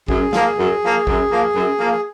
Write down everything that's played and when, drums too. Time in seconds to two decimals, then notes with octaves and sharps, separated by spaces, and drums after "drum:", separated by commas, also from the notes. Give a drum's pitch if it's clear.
0.08 F#2 G#4, drum: kick G#1
0.33 F3 A#3, drum: snare
0.58 F#2
0.82 F3 A#3
1.07 F#2, drum: kick G#1
1.30 F3 A#3
1.55 F#2
1.80 F3 A#3